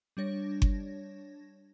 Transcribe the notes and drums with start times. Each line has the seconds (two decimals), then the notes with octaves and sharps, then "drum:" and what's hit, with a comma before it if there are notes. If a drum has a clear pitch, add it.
0.17 G3 D4 C#5 A#6
0.62 drum: kick G1